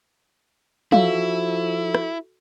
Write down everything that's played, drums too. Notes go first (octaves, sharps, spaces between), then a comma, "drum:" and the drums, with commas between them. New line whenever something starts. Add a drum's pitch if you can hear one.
F3 E4 F#4 A4 F5, drum: tom
drum: rim click